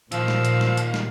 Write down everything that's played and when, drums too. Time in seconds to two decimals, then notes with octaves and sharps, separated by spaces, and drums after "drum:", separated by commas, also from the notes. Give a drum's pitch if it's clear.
0.12 A#2 D#3 F3 F4 F5 E6, drum: hi-hat
0.28 drum: snare
0.45 drum: hi-hat
0.61 drum: snare
0.77 drum: hi-hat
0.94 drum: snare